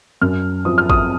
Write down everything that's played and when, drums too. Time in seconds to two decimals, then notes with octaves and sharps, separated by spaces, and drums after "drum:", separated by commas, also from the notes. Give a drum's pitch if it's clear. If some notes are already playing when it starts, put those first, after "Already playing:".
0.21 F#2 F6
0.65 F3 C4 D#6
0.78 F6
0.90 D#6, drum: kick